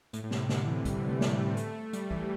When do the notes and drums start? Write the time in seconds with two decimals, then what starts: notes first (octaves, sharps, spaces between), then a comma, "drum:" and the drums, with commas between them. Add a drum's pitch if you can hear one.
0.13 A2, drum: hi-hat
0.24 A2
0.31 C3, drum: snare
0.49 D3, drum: snare
0.67 E3
0.85 G3, drum: kick, hi-hat
1.09 A3
1.21 drum: snare
1.33 A3
1.47 C4
1.57 A3, drum: hi-hat
1.75 A3
1.93 G3, drum: hi-hat
2.11 E3, drum: kick